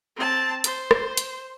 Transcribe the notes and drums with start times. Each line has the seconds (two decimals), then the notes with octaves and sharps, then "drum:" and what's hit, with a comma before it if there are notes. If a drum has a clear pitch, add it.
0.16 C4 A5
0.64 C5, drum: hi-hat
0.91 drum: rim click
1.17 drum: hi-hat